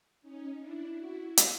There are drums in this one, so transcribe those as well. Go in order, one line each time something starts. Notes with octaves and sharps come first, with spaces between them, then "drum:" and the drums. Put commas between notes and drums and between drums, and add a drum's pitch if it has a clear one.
C#4 D#4
D4 E4
E4 F#4
drum: hi-hat